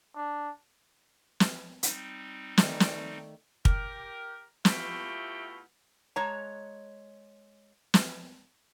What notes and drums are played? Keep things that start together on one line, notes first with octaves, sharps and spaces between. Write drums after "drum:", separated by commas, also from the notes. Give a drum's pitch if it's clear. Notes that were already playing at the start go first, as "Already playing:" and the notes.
D4
drum: snare
G3 C4 D#4, drum: hi-hat
D#3 A3 D5, drum: snare
drum: snare
G4 A#4, drum: kick
B2 A3 E4 F4 G4, drum: snare
G#3 C#5 A#5
drum: snare